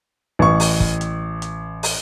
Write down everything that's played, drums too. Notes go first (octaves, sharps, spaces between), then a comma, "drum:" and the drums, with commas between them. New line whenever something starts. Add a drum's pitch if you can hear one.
A1 C#6
drum: open hi-hat
drum: kick
drum: hi-hat
drum: hi-hat
drum: open hi-hat